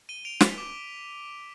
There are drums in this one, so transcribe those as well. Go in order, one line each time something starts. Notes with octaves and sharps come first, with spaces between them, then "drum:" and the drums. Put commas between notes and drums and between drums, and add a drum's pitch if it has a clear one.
D#7 G7
D7 F7
B6, drum: snare
D6